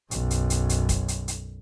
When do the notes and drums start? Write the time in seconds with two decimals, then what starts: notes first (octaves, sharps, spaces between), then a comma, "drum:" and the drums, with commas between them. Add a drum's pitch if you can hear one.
0.11 B1 F#2, drum: hi-hat
0.31 drum: hi-hat
0.50 drum: hi-hat
0.69 drum: hi-hat
0.89 drum: kick, hi-hat
1.08 drum: hi-hat
1.28 drum: hi-hat